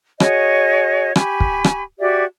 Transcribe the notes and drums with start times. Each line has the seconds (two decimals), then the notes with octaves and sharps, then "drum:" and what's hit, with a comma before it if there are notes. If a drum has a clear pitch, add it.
0.20 F#4 G#4 C#5 D#5, drum: rim click
1.16 G4 G#5 B5 C#6, drum: rim click
1.40 drum: kick
1.64 drum: rim click
1.98 F#4 G4 D5 E5